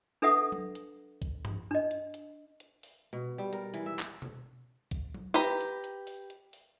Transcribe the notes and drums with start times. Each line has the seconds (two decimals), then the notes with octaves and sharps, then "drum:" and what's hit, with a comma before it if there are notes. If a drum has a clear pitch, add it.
0.22 D4 A4 B4 E5 F#5 D#6
0.52 drum: tom F#3
0.75 drum: hi-hat
1.22 drum: kick B1, hi-hat
1.45 drum: tom G2
1.71 D4 D#5
1.91 drum: hi-hat
2.14 drum: hi-hat
2.60 drum: hi-hat
2.83 drum: open hi-hat
3.13 B2
3.38 G3
3.53 A#4, drum: hi-hat
3.74 E3, drum: hi-hat
3.86 E5
3.99 drum: clap
4.22 drum: tom B2
4.91 drum: kick B1, hi-hat
5.14 drum: tom F#3
5.34 G4 B4 A#5
5.61 drum: hi-hat
5.84 drum: hi-hat
6.07 drum: open hi-hat
6.30 drum: hi-hat
6.53 drum: open hi-hat